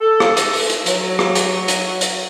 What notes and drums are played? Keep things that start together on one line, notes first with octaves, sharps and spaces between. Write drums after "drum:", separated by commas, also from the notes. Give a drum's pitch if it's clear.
A4
drum: rim click
drum: hi-hat
drum: open hi-hat
drum: hi-hat
F#3, drum: hi-hat
drum: rim click
drum: hi-hat
drum: hi-hat
drum: hi-hat